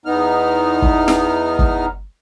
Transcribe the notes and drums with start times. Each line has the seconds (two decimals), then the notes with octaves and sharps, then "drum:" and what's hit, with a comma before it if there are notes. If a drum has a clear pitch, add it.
0.06 E2 B3 D#4 F6
0.82 drum: kick
1.08 drum: snare
1.59 drum: kick